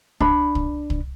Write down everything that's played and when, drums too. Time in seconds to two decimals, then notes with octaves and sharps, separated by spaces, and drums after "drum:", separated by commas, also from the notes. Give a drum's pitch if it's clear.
0.20 D4 B5, drum: kick
0.55 drum: kick
0.90 drum: kick